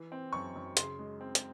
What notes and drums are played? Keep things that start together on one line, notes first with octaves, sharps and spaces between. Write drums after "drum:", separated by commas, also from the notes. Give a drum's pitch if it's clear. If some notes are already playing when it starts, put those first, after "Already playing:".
Already playing: E3
C4
F#2 C#6
F#2
C#3 C6, drum: hi-hat
G#3
C4
drum: hi-hat